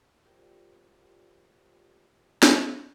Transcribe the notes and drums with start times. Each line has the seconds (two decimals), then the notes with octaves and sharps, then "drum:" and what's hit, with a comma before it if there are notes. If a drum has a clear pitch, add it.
0.24 F4 G4 A#4 C5 D5 G5
2.43 drum: snare